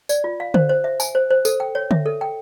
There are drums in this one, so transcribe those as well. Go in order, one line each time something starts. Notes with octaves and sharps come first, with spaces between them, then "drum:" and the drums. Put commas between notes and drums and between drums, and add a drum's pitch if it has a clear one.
D5, drum: tambourine
F4
F5
C5, drum: tom D3
C5
E5
G#5, drum: tambourine
C5
C5
A4, drum: tambourine
G5
C#5
E5, drum: tom D3
A4
G5